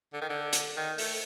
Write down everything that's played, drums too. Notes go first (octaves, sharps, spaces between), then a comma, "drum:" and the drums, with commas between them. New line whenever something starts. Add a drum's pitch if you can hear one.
D3
D#3
D3
drum: hi-hat
D#3
A3, drum: open hi-hat